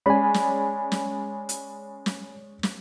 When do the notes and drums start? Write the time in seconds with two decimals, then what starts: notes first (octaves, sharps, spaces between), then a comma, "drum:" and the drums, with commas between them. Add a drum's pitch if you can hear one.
0.06 G#3 C#4 D5 G#5 B5
0.34 drum: snare
0.92 drum: snare
1.49 drum: hi-hat
2.06 drum: snare
2.63 drum: snare